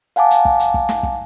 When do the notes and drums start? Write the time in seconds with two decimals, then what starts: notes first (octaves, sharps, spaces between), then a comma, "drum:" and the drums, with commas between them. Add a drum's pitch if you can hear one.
0.16 F5 F#5 G#5 A5 D6
0.31 drum: hi-hat
0.45 drum: kick
0.60 drum: hi-hat
0.74 drum: kick
0.89 drum: snare
1.03 drum: kick